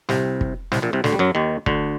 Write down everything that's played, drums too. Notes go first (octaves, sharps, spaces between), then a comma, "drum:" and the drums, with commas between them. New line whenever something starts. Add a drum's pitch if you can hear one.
C2 C3, drum: snare
drum: kick
C2 C3, drum: snare
A#1 A#2
C2 C3
D2 D3, drum: snare
G3
F#2 F#3
D#2 D#3
D2 D3, drum: kick